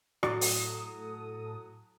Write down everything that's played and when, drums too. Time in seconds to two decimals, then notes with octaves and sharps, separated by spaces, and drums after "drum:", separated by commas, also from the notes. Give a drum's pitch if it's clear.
0.23 A2 F#3 A4 D5 D#6, drum: rim click
0.41 drum: open hi-hat